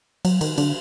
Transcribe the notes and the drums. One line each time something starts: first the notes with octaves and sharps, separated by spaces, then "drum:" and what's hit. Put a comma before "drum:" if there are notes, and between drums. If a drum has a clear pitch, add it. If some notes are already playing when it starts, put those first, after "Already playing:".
F#3, drum: cymbal
D#3, drum: cymbal
D3, drum: cymbal